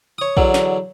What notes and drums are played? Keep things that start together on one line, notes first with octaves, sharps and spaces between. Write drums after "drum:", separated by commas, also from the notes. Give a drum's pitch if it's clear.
C#5 D#6
E2 D3 F#3, drum: kick A#1
drum: snare